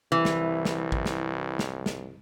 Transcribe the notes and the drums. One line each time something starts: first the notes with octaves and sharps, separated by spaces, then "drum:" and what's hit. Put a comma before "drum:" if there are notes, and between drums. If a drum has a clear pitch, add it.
C2 E3
drum: snare
drum: snare
drum: kick
drum: snare
drum: snare
drum: snare